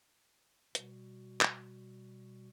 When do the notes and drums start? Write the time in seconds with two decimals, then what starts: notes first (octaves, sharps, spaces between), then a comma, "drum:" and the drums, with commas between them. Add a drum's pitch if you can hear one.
0.75 B2 G3 F#4, drum: hi-hat
1.41 drum: clap